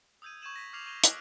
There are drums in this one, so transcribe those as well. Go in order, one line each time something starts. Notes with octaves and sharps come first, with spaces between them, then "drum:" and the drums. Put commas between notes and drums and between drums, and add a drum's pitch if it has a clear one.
D#6 E6 G6 G#6 D#7
C#6 G6 G#6 D#7 E7 F#7
A#6 B6
D6 F6 G#6 C7 F7 F#7
C#6 G#6 D#7 G7
D#6 E6 F#6 C7 D7, drum: hi-hat